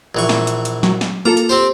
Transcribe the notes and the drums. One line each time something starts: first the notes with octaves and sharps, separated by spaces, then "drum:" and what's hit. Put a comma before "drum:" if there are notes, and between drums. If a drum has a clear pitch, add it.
A#1 E3 C#6
drum: snare
drum: hi-hat
drum: hi-hat
F#3, drum: snare
drum: snare
A#3 F4 A4 A#5
drum: hi-hat
C4 G4 C5